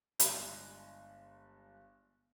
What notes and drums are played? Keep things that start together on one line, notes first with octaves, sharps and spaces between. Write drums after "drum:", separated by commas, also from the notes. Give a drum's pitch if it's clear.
G1 G#3 D4 G#5 F#7, drum: hi-hat